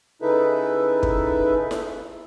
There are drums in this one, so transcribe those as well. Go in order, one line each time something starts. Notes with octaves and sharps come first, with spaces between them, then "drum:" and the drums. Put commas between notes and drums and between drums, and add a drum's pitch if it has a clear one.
C#3 D#4 E4 A4 B4 E5
drum: kick
drum: snare E4